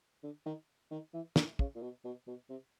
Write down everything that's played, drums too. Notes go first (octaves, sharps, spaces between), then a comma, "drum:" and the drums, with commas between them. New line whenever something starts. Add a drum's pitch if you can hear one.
D3
D#3
D#3
E3
D3, drum: snare
C#3, drum: kick
A#2
B2
B2
B2
C3